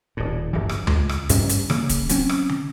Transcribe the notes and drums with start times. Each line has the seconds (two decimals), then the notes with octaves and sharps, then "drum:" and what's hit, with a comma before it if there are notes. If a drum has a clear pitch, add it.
0.17 D#1 A2
0.53 D1 G1 G2 E3
0.69 drum: rim click
0.87 C#2 G#3, drum: tom D2
1.09 drum: rim click
1.29 A1 G2 G3 C#4, drum: hi-hat
1.49 drum: hi-hat
1.70 C#3 E3 A#3, drum: rim click
1.89 drum: kick, hi-hat
2.09 F#3 C4 C#4, drum: hi-hat
2.29 drum: rim click
2.49 drum: tom